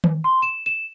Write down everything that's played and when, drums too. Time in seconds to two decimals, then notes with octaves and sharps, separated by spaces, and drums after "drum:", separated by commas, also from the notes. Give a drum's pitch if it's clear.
0.04 drum: tom D#3
0.24 C6
0.42 E7
0.66 E7